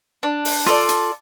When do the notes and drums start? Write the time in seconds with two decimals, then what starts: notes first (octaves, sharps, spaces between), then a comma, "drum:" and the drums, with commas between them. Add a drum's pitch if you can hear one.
0.23 D4
0.45 drum: open hi-hat
0.66 F4 A4 D5, drum: rim click
0.89 drum: hi-hat